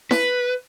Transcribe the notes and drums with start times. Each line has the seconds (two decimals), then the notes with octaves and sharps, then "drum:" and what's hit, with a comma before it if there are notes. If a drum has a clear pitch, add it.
0.11 B4, drum: snare E4